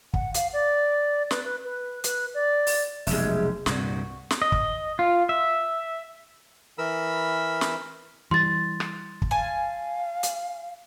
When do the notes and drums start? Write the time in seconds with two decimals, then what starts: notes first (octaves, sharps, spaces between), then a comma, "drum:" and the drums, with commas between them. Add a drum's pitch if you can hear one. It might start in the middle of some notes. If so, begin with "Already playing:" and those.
0.14 F#5, drum: kick
0.34 F5, drum: hi-hat
0.53 D5
1.31 B4, drum: snare
1.44 B4
1.64 B4
2.04 B4, drum: hi-hat
2.34 D5
2.67 drum: open hi-hat
3.07 F1 B1 G#3 G4 E5, drum: open hi-hat
3.66 C2 G2 A#2 F#4, drum: snare
4.31 drum: snare
4.42 D#5
4.52 drum: kick
4.99 F4
5.29 E5
6.78 E3 A#4 B5 E6
7.61 drum: snare
8.31 E3 G3 C6 A6
8.80 drum: rim click
9.22 drum: kick
9.31 F5 G#5 A5
10.23 drum: hi-hat